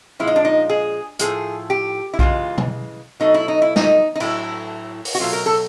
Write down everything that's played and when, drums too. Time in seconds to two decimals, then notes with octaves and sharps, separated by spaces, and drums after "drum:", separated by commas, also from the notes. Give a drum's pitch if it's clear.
0.19 A#2 F3 G#3 E4
0.27 D#4
0.36 D4
0.45 D#4
0.70 G#4
1.19 A2 F3 A3 G#4, drum: hi-hat
1.70 G4
2.13 E4
2.19 C#3 E3 G#3 F4, drum: kick A#1
2.58 drum: tom
3.20 B2 F#3 A3 D#4
3.34 E4
3.48 D#4
3.62 E4
3.76 D#4, drum: snare A3
4.16 D#4
4.20 A2 F#3 A3 E4, drum: cymbal
5.05 drum: open hi-hat
5.15 F#4
5.20 B2 F#3 A3 F4
5.33 A#4
5.46 A4